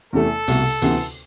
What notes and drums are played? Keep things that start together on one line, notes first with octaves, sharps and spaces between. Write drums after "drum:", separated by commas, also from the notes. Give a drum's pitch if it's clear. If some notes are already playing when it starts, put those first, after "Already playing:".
E2 C3 E3 A3 A4
C2 B2 A3, drum: open hi-hat
D2 C3 E3 B3, drum: open hi-hat